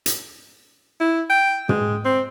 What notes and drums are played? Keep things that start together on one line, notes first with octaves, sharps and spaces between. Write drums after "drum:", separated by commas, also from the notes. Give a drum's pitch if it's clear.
drum: hi-hat
E4
G5
G#3, drum: tom
C4